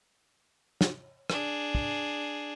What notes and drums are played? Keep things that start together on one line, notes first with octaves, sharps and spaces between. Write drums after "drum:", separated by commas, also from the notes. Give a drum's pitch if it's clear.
drum: snare
D4 G#4, drum: rim click
drum: kick